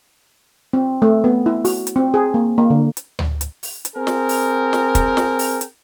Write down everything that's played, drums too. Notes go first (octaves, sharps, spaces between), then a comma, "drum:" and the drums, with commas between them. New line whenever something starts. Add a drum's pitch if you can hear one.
C4
A3
B3
E4
F#4, drum: open hi-hat
drum: hi-hat
C4
G#4
A#3
A#3
D3
drum: hi-hat
drum: tom D2
drum: hi-hat
drum: open hi-hat
drum: hi-hat
C4 G#4 A#4 G5
drum: snare
drum: open hi-hat
drum: snare
drum: kick, hi-hat
drum: snare
drum: open hi-hat
drum: hi-hat